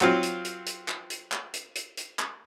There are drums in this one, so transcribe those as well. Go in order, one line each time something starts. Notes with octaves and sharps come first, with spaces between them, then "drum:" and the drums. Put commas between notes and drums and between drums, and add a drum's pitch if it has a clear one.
F#3 C4 F4, drum: clap
drum: hi-hat
drum: hi-hat
drum: hi-hat
drum: clap
drum: hi-hat
drum: clap
drum: hi-hat
drum: hi-hat
drum: hi-hat
drum: clap